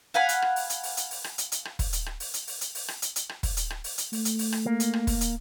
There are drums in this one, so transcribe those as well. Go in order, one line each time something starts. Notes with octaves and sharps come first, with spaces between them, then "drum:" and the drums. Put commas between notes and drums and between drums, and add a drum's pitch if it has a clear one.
F5 F#5 G#5 B5
drum: hi-hat
drum: rim click
drum: open hi-hat
drum: hi-hat
drum: open hi-hat
drum: hi-hat
drum: open hi-hat
drum: rim click
drum: hi-hat
drum: hi-hat
drum: rim click
drum: kick, open hi-hat
drum: hi-hat
drum: rim click
drum: open hi-hat
drum: hi-hat
drum: open hi-hat
drum: hi-hat
drum: open hi-hat
drum: rim click
drum: hi-hat
drum: hi-hat
drum: rim click
drum: kick, open hi-hat
drum: hi-hat
drum: rim click
drum: open hi-hat
drum: hi-hat
A3, drum: open hi-hat
drum: hi-hat
drum: open hi-hat
drum: rim click
A#3
drum: hi-hat
drum: rim click
drum: kick, open hi-hat
drum: hi-hat